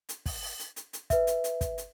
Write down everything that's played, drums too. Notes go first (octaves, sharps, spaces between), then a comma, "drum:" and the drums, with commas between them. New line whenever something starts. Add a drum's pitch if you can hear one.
drum: hi-hat
drum: kick, open hi-hat
drum: open hi-hat
drum: hi-hat
drum: hi-hat
drum: hi-hat
B4 E5, drum: kick, hi-hat
drum: hi-hat
drum: hi-hat
drum: kick, hi-hat
drum: hi-hat